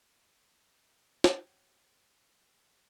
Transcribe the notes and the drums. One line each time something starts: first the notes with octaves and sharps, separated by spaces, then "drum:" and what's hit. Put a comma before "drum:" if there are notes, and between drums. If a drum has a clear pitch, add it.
drum: snare
C4 F#4 G4 C#5